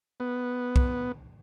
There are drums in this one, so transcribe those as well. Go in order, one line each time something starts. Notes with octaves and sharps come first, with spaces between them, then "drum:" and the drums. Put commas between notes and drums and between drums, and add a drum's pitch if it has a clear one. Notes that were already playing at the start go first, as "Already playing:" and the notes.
B3
drum: kick